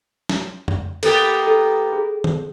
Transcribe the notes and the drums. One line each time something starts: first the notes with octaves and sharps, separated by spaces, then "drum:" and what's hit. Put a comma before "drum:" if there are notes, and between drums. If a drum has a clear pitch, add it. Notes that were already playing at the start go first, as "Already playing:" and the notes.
drum: snare
drum: tom F2
A#3 B3 G4 A4, drum: cymbal
A4
G#4
drum: tom D#3